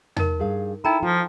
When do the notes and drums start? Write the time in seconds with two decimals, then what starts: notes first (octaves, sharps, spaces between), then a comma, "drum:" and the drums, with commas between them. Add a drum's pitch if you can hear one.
0.16 D#4 A#4, drum: tom E2
0.39 G2 G#4 F5
0.85 D#4 E4 A4 G5 A#5
1.03 F3 F4